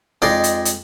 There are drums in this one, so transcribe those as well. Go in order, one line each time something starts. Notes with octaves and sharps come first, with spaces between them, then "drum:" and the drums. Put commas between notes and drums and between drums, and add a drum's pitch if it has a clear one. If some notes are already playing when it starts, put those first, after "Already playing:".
F2 G#3 D#4 D5 F5 C6, drum: snare
drum: hi-hat
drum: hi-hat